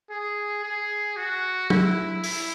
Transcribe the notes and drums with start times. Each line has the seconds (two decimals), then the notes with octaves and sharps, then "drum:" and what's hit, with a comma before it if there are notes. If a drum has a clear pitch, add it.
0.10 G#4
0.63 G#4
1.16 F#4
1.70 E4, drum: tom
2.24 E4, drum: open hi-hat